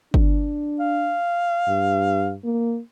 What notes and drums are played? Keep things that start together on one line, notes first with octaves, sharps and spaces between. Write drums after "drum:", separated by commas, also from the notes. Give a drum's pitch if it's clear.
D4, drum: kick G1
F5
G2
A#3